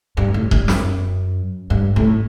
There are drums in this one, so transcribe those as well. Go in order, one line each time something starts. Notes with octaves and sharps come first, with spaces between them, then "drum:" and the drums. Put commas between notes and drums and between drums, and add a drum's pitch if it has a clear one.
G2
A2
G2, drum: kick D#1
F#2, drum: snare
G2
A2